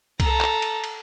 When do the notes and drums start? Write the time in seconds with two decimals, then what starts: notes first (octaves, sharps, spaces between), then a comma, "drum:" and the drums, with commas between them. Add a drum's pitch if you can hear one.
0.20 A4 A#5, drum: kick C2, cymbal
0.41 drum: clap
0.62 drum: cymbal
0.84 drum: cymbal